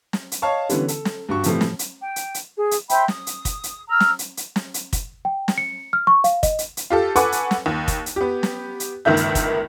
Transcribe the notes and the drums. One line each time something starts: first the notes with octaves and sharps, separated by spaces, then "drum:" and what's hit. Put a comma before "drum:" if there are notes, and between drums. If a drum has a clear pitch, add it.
drum: snare
drum: hi-hat
C#5 D#5 F5 A5 C#6
D3 E3 G3 B3 C#4, drum: hi-hat
A4, drum: hi-hat
drum: snare
G2 F#4 C#6
A2 C3 E3 F3 G3 A3, drum: hi-hat
drum: snare
drum: hi-hat
G5
drum: hi-hat
drum: hi-hat
G#4
drum: hi-hat
C5 E5 G5 B5, drum: hi-hat
D#6, drum: snare
drum: hi-hat
drum: kick, hi-hat
drum: hi-hat
A#5 E6 F6
drum: snare
drum: hi-hat
drum: hi-hat
drum: snare
drum: hi-hat
drum: kick, hi-hat
G5
drum: snare
C#7
F6
C#6
F5, drum: hi-hat
D#5, drum: kick, hi-hat
drum: hi-hat
drum: hi-hat
F4 G4 A4
A4 B4 F#5 G#5 C#6 D6, drum: hi-hat
drum: hi-hat
drum: snare
D#2
drum: kick, hi-hat
drum: hi-hat
B3 G4
drum: snare
drum: hi-hat
G1 C#2 D#3 A#3 E5 G6
drum: hi-hat
drum: kick, hi-hat